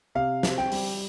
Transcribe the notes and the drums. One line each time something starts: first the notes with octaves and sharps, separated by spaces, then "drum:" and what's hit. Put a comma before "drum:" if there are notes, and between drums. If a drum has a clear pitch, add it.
C3 F5
C4, drum: snare
G5
G3, drum: open hi-hat